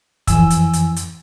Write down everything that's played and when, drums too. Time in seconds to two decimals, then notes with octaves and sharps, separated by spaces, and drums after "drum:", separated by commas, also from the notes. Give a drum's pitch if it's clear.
0.27 F2 E3 G#5 E6, drum: kick, hi-hat
0.50 drum: hi-hat
0.73 drum: hi-hat
0.96 drum: hi-hat